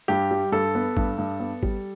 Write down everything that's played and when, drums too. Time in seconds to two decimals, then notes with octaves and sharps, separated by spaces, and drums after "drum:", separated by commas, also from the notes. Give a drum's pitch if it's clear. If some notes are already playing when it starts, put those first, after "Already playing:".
0.08 G2 G4
0.31 G3
0.52 G2 A4
0.75 B3
0.97 G2, drum: kick G#1
1.18 G2
1.40 B3
1.63 G3, drum: kick G#1